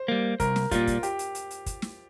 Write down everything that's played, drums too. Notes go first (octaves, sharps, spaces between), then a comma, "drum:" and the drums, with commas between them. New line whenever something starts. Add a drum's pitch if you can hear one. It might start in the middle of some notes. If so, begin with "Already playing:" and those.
Already playing: C5
G3 A#3
C2 A#4, drum: kick, hi-hat
drum: snare
A#2 G3 F4, drum: kick, hi-hat
drum: kick, hi-hat
G4, drum: hi-hat
drum: hi-hat
drum: hi-hat
drum: hi-hat
drum: kick, hi-hat
drum: snare